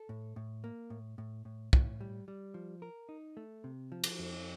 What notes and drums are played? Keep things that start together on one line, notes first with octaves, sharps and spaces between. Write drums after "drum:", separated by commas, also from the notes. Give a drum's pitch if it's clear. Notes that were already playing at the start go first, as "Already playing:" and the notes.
Already playing: A4
A2
A2
A#3
A2
A2
A2
A2, drum: kick
G3
G3
F3
A#4
D#4
A3
C3
F3
drum: cymbal
F2